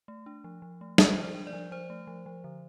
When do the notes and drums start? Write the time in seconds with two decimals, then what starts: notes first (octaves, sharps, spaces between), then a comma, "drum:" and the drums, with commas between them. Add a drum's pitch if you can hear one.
0.08 A3
0.26 D4
0.44 F3
0.62 F3
0.81 A3
0.98 A3 C5, drum: snare
1.17 F3
1.23 C5
1.35 D4
1.47 D5
1.53 F3
1.72 F3 C5
1.90 A3
2.07 F3
2.26 F3
2.44 D3